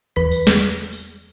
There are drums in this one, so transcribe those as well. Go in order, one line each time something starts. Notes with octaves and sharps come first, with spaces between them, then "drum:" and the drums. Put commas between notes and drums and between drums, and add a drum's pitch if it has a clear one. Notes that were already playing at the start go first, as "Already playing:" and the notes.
E2 B4 B6
drum: tambourine
drum: snare
drum: tambourine
drum: tambourine